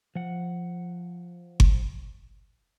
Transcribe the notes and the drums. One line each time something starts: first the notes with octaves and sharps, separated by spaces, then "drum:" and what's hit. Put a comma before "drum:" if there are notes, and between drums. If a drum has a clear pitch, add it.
F3 F#5
drum: kick G1